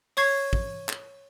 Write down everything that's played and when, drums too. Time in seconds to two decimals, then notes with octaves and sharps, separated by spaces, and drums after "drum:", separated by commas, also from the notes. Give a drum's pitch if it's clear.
0.17 C#5 C#6 G#6 C7, drum: open hi-hat
0.53 drum: kick
0.89 drum: clap